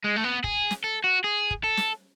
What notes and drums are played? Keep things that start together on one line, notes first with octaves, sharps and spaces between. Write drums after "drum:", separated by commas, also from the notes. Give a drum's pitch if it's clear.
G#3
A3
B3
G#4, drum: kick
drum: snare
A4
F#4
G#4
drum: kick
A4
drum: snare